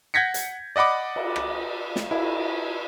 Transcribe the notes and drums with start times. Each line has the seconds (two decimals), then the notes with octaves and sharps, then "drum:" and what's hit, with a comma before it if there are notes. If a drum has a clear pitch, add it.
0.14 F#5 G6 G#6 A#6 B6 C#7
0.34 drum: hi-hat
0.76 D5 D#5 F#5 B5 D6
1.16 drum: cymbal
1.36 drum: rim click
1.96 drum: snare
2.11 E4, drum: cymbal